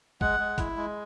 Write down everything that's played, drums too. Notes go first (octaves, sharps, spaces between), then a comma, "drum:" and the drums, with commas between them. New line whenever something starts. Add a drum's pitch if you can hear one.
G#3 F#5, drum: kick
G#3
E4, drum: kick, hi-hat
G#3